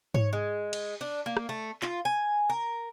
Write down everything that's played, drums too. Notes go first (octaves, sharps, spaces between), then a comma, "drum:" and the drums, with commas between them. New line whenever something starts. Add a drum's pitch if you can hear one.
C#5, drum: tom G#2
G#3
drum: cymbal
D4
A#3
drum: rim click
A3
F4, drum: clap
G#5
A#4